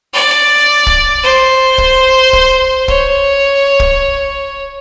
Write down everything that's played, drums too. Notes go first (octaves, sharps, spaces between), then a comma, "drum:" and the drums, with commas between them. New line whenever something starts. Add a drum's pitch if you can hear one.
D5
drum: kick
C5
drum: kick
drum: kick
C#5, drum: kick
drum: kick